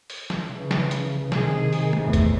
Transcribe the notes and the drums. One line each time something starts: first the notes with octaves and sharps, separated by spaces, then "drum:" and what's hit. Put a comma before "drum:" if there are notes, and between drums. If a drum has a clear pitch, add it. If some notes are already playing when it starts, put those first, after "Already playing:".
drum: open hi-hat
drum: snare
C#3 E3
drum: snare
drum: hi-hat
C3 D#3 G#4, drum: snare
drum: open hi-hat
drum: tom
E2 A2
drum: kick F#1, hi-hat